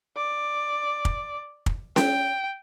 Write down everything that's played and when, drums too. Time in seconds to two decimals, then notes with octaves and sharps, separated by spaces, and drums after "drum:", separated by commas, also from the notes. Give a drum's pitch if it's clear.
0.16 D5
1.05 drum: kick
1.66 drum: kick
1.96 G5, drum: snare C#4